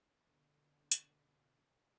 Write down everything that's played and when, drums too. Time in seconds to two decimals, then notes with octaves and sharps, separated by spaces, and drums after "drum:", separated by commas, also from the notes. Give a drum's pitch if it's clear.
0.23 B2 D3
0.91 drum: hi-hat